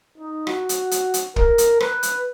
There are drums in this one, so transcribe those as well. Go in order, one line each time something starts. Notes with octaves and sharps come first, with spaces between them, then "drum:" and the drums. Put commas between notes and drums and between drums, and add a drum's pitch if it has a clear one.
D#4
F#4, drum: rim click
drum: hi-hat
drum: hi-hat
drum: hi-hat
A#4, drum: kick
drum: hi-hat
B4, drum: rim click
drum: hi-hat